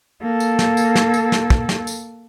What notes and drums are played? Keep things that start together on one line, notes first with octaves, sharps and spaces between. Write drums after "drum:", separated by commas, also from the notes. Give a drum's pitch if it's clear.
A#3 A4
drum: tambourine
drum: snare
drum: tambourine
drum: snare
drum: tambourine
drum: snare
drum: kick
drum: snare
drum: tambourine